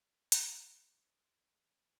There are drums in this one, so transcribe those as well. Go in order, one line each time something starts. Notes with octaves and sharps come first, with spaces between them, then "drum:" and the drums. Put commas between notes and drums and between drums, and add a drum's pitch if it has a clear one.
C3 A#3, drum: hi-hat
C6 E6 F#6
A#3